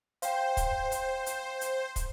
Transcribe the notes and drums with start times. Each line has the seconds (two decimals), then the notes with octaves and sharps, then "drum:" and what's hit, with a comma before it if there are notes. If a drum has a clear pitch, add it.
0.22 C5 F5 G5, drum: hi-hat
0.57 drum: kick, hi-hat
0.92 drum: hi-hat
1.26 drum: hi-hat
1.61 drum: hi-hat
1.96 drum: kick, hi-hat